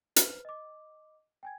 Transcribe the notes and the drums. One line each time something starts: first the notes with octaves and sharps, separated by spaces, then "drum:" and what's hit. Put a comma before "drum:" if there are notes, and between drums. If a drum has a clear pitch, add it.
B4 C5 F6, drum: hi-hat
D#5 D6
G5 G#5 G#6